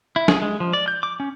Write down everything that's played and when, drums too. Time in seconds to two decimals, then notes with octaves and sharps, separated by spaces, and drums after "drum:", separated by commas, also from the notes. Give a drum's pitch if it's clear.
0.16 E4
0.28 G#4, drum: snare
0.42 G#3
0.60 F3
0.73 D5
0.88 G6
1.03 D6
1.20 C#4